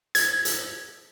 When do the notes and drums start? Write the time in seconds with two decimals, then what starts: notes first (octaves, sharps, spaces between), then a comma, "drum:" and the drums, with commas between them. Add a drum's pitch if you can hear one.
0.15 G#6, drum: hi-hat
0.45 drum: hi-hat